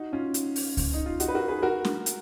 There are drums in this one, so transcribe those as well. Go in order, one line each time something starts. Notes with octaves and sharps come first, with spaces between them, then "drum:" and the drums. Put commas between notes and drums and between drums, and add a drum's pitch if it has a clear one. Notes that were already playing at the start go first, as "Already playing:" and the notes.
Already playing: D#4 F#4
C#4 F4
drum: hi-hat
drum: open hi-hat
drum: kick C#2, open hi-hat
D#4
F4
D#4 F#4, drum: hi-hat
B4
F#4 A#4
G#4 B4
F#4 A#4
drum: snare
drum: hi-hat